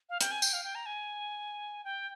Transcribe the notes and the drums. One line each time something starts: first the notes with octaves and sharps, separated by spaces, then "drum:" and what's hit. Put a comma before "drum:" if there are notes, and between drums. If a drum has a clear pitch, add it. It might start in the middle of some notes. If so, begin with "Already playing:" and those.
F5
G5, drum: hi-hat
G#5
G5, drum: tambourine
F5
G5
A#5
G#5
G5